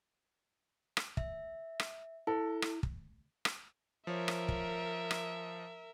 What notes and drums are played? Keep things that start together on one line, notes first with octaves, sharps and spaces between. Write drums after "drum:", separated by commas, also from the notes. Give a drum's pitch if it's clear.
drum: rim click
E5, drum: kick
drum: rim click
E4 A4
drum: rim click
drum: kick
drum: rim click
F3 A#4 C#5 E5
drum: rim click
drum: kick
drum: rim click